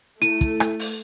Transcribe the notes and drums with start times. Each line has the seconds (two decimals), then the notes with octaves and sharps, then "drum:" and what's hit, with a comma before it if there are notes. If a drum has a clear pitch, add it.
0.22 A3 E4 D#7, drum: hi-hat
0.41 drum: kick, hi-hat
0.60 drum: rim click
0.79 drum: open hi-hat